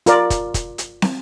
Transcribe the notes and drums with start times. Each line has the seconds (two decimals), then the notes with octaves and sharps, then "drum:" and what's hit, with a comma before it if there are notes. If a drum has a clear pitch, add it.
0.06 F4 A#4 D5, drum: hi-hat
0.30 drum: kick, hi-hat
0.54 drum: kick, hi-hat
0.78 drum: hi-hat
1.02 drum: snare